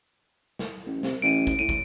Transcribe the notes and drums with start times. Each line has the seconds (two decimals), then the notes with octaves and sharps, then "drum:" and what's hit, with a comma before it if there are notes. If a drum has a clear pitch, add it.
0.59 drum: snare
0.86 A1
1.03 C3, drum: snare
1.22 A1 D7 D#7
1.47 drum: kick
1.59 A2 D#7
1.69 drum: kick